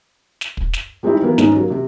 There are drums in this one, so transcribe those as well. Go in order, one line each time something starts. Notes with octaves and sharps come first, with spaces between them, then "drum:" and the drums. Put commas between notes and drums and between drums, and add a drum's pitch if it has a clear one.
drum: snare
drum: kick
drum: snare
G3 G#3 C4 D#4 E4 G4
E3 F#3 A#3 B3
G#2 C#4 D#4, drum: snare
F#3 A#3
C3